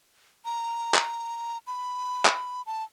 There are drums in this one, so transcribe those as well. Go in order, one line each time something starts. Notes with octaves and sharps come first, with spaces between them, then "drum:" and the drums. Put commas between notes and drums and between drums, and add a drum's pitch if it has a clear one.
A#5
drum: clap
B5
drum: clap
A5